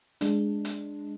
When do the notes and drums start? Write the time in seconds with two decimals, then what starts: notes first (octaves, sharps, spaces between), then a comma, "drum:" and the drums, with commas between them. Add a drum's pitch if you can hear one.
0.21 G#3 D4, drum: hi-hat
0.65 drum: hi-hat